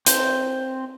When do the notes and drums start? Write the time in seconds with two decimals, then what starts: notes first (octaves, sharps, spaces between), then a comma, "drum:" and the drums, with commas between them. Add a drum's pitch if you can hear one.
0.06 C4 C5, drum: hi-hat